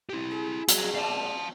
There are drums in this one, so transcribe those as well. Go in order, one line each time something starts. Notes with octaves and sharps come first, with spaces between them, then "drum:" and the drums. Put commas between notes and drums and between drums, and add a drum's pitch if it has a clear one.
E4 G4
G#4
F#4 A#5, drum: hi-hat
A#2 G#3 D5 F5 A5